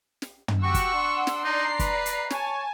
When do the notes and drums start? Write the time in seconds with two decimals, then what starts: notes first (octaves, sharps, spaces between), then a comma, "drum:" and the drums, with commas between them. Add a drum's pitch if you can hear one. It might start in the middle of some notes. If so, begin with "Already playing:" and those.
0.22 drum: snare
0.48 drum: tom
0.63 F#4 G4 F#5 C#6 E6
0.74 drum: kick, hi-hat
0.95 D4 C6
1.27 drum: snare
1.44 D#4 D5 A#5 C7
1.79 B4, drum: kick, hi-hat
2.06 drum: hi-hat
2.30 C#5 G#5 A5, drum: snare